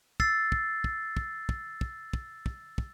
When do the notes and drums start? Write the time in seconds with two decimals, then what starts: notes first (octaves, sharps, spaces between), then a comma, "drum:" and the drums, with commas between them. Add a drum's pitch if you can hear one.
0.20 E6 A6 C7, drum: kick
0.52 drum: kick
0.84 drum: kick
1.17 drum: kick
1.49 drum: kick
1.81 drum: kick
2.13 drum: kick
2.46 drum: kick
2.78 drum: kick